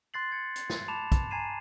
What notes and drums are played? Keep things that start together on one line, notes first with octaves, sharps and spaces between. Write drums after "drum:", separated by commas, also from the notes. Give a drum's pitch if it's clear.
C6 F#6 A6 C7 F#7
C6 G#6 C#7
drum: hi-hat
drum: snare
A5 B5 D6 E7 F7
drum: kick, hi-hat
G#5 A#5 G#6 C7 D#7 E7